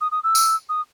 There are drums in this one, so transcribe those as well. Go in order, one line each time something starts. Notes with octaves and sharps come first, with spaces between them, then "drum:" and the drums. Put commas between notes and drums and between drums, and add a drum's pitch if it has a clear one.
D#6
D#6
E6
drum: tambourine
D#6